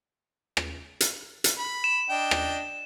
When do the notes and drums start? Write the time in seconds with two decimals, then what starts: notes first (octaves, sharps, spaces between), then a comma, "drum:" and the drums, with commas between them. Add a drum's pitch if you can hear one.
0.57 drum: rim click
1.00 drum: hi-hat
1.44 drum: hi-hat
1.59 B5
1.84 E7
2.09 D4 D#5 G5
2.31 drum: rim click